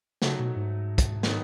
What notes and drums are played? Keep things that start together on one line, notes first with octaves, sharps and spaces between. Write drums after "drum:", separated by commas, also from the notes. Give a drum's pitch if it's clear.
C#3 F#3 A3 D#4 F#4, drum: snare
B2
G#2
drum: kick, hi-hat
D#3 F#3 B3 D#4, drum: snare